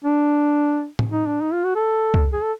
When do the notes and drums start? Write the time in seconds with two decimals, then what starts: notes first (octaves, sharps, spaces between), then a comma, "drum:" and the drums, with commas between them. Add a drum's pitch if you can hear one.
0.05 D4
0.99 drum: tom A2
1.11 D#4
1.27 D4
1.42 D#4
1.53 F4
1.64 F#4
1.75 A4
2.14 drum: kick C#2
2.33 G#4
2.42 A4